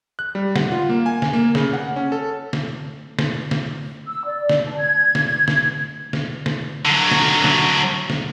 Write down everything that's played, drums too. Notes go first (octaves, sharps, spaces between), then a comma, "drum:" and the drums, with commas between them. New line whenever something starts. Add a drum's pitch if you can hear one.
F#6
G3
F#5, drum: snare
F4
A#3
G#5
drum: snare
A#3
C#3, drum: snare
F#5
C#4
A4
drum: snare
drum: snare
drum: snare
E6
D5
drum: snare
A5
G#6
drum: snare
drum: snare
drum: snare
drum: snare
D3 F#3
drum: snare
drum: snare
drum: snare